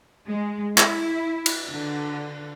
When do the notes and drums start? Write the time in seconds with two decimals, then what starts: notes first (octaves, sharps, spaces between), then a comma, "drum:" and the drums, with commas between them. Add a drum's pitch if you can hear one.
0.28 G#3
0.78 E4, drum: clap
1.46 drum: cymbal
1.70 D3